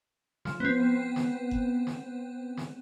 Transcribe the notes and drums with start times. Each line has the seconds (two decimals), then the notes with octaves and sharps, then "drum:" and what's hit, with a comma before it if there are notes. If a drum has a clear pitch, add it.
0.45 F3, drum: snare
0.60 B3 C4
1.16 drum: snare
1.51 drum: kick F#1
1.87 drum: snare
2.57 drum: snare